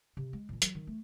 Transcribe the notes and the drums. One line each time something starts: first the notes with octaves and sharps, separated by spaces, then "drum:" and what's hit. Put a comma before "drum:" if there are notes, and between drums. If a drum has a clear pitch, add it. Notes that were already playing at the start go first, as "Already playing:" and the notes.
C3
G#3
A#2 E3
E3 F#3, drum: hi-hat
D#3
A3